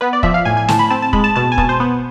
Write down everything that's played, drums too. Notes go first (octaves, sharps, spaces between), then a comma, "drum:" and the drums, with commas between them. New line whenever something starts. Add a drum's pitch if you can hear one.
B3 B4
D5
F3 E5, drum: kick
F5
A2 G#5
G#5
A2 A5, drum: snare
B5
C4 A5
A5
G#3 B5, drum: kick
A5
B2 A5
G#5
B2 A5, drum: kick
C5
B3